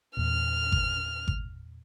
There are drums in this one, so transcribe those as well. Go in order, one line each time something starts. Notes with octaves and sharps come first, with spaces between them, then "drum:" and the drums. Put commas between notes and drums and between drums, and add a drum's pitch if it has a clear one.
E2 A#2 F6
drum: kick G#1
drum: kick G#1